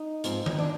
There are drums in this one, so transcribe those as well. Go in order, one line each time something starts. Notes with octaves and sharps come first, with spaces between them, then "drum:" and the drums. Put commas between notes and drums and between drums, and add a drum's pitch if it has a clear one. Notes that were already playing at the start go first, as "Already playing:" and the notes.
Already playing: D#4
G#2 F3 C4, drum: hi-hat
drum: tom D#3
D4